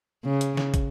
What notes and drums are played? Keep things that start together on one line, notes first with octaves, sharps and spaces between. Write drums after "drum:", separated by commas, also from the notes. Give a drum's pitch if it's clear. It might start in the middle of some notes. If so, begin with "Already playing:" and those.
C#3
drum: hi-hat
drum: snare
drum: kick, hi-hat